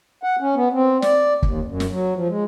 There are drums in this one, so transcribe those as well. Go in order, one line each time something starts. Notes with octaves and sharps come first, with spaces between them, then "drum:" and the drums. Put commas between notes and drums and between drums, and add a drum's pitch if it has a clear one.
F#5
C#4
B3
C4
D5, drum: snare
D#2, drum: kick
F#2
drum: snare
F#3
F3
G#3